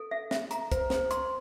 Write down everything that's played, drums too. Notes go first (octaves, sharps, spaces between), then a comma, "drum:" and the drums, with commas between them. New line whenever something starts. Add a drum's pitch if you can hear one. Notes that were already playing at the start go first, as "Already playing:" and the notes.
Already playing: A4
E5
E5, drum: snare
A#5, drum: hi-hat
C5, drum: kick, hi-hat
C5, drum: snare
C6, drum: hi-hat